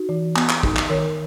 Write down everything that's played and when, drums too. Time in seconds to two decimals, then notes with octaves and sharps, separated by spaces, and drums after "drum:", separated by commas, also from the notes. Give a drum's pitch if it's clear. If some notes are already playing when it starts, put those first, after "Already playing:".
Already playing: D#4 F#4
0.09 E3
0.36 B3, drum: clap
0.50 drum: clap
0.63 D#4, drum: kick
0.76 drum: clap
0.90 D#3 A#4 C#5